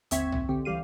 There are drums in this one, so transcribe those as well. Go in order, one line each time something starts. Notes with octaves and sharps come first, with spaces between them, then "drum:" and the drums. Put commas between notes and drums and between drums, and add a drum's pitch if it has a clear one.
G1 D#2 C4 E5 C#6 G#6, drum: hi-hat
drum: tom
D3 C4 G4
C#2 E3 G3 G4 F5 D#7